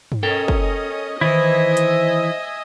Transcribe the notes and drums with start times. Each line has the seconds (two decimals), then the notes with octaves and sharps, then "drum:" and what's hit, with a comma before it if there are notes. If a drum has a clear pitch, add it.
0.12 drum: tom G2
0.23 C#4 A4 A#4 D#5 G5
0.48 drum: kick
1.21 D#3 E3 E4 C5 D#5 E5 G#5
1.77 drum: hi-hat